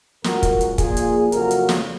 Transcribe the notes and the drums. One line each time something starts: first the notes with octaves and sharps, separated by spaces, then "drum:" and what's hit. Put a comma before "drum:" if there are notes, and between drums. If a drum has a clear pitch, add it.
F#2 F3 G#3 F#4 A#4, drum: snare
drum: kick, hi-hat
drum: hi-hat
A#2 F3 A#3 F4 G#4, drum: kick, hi-hat
drum: hi-hat
F2 C#3 F#3 A#3 F#4 A#4, drum: hi-hat
drum: hi-hat
drum: snare